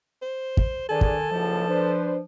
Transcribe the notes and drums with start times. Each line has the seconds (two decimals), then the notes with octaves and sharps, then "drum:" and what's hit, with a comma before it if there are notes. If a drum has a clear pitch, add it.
0.22 C5
0.57 drum: kick
0.89 D#3 D4 G#4 A4 B4 G#5
1.01 drum: kick
1.30 F#1 C#2 F3
1.68 D4 B4 C5